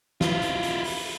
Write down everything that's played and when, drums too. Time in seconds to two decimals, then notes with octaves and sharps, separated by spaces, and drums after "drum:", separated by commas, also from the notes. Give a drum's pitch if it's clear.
0.21 E4 F4, drum: snare
0.42 drum: hi-hat
0.63 drum: hi-hat
0.84 drum: open hi-hat